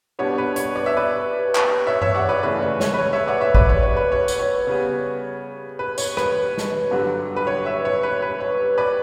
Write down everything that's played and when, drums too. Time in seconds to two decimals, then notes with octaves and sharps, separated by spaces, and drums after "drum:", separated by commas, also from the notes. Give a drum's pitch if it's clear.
0.19 B2 G3 B3 D4 C#5
0.38 B4
0.56 C#5, drum: hi-hat
0.76 D5
0.86 E5
0.97 B4 D5
1.55 drum: clap
1.87 C#5 E5
2.01 C#5 E5, drum: tom G2
2.15 D5 F#5
2.29 B4 D5
2.43 C#3 E3 A3 C#4 B4
2.62 C#5
2.80 C#5, drum: snare
2.94 B4
2.99 C#5
3.13 C#5 E5
3.27 D5 F#5
3.41 C#5 E5
3.54 B4 D5, drum: kick
3.69 C#5
3.83 C#5
3.97 B4
4.12 C#5
4.28 drum: tambourine
4.39 C#5
4.67 C#3 G3 B3
5.79 B4
5.98 C#5, drum: tambourine
6.17 B4, drum: rim click
6.58 drum: snare
6.91 G2 D3 F#3
7.36 B4
7.47 C#5
7.65 C#5 E5
7.85 C#5
8.03 B4
8.22 B4
8.40 C#5
8.78 B4 D5